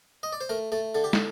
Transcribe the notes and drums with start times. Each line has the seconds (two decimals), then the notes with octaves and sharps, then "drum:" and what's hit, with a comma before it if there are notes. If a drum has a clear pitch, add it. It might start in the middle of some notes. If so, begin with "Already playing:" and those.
0.23 D#5
0.33 D5
0.41 C5
0.49 A3 A#4
0.72 A3 A4
0.95 D3 A4
1.04 G4
1.13 A4, drum: snare